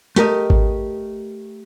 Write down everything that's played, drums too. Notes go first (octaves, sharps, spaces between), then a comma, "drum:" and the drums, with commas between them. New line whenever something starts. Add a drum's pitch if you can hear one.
A3 G4 A#4 D#5, drum: hi-hat
drum: kick G#1